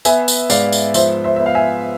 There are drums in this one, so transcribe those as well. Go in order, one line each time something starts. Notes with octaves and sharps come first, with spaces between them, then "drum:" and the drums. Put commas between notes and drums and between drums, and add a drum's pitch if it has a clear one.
B3 E5 G#5, drum: tambourine
drum: tambourine
G#2 D5 F5, drum: tambourine
drum: tambourine
F3 C5 E5, drum: tambourine
C5 E5
B3 E5
F5
E5 G#5